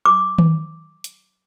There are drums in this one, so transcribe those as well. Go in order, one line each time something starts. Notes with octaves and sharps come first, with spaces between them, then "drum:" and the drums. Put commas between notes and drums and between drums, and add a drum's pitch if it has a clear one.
D6
drum: tom D#3
drum: hi-hat